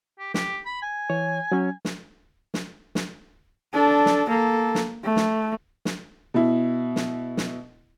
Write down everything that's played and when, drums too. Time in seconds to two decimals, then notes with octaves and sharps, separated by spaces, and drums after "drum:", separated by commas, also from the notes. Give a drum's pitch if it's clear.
0.19 G4
0.34 G4, drum: snare
0.65 B5
0.82 G#5
1.10 E3 C#5
1.52 F#3 C#4
1.85 drum: snare
2.54 drum: snare
2.95 drum: snare
3.73 D4 A4
4.06 drum: snare
4.29 A#3 A4
4.75 drum: snare
5.04 A3
5.16 drum: snare
5.85 drum: snare
6.34 B2 E4
6.96 drum: snare
7.37 drum: snare